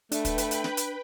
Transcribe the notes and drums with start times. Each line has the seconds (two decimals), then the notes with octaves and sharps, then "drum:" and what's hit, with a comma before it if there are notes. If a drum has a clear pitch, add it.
0.12 A3 D4 B4 G5 B5, drum: hi-hat
0.25 drum: kick, hi-hat
0.38 drum: hi-hat
0.51 drum: hi-hat
0.64 drum: snare
0.77 drum: hi-hat